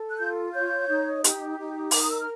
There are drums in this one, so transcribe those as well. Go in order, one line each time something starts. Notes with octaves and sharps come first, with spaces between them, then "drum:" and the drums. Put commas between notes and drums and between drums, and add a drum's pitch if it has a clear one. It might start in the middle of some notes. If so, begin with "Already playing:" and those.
Already playing: A4
F#6
F4 G6
C#5 G6
D#4
G4, drum: hi-hat
D#4
A#4 D6, drum: open hi-hat
D#6
E6
F6